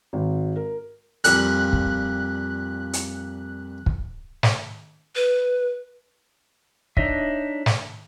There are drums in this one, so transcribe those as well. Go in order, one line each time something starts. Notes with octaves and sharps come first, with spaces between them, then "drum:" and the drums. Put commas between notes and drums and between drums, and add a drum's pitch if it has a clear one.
G#1
A#4
F2 A#2 G3 F#6, drum: hi-hat
drum: kick
drum: hi-hat
drum: kick
drum: snare
B4
D4 D#4 C#5 D#5 E5, drum: kick
drum: snare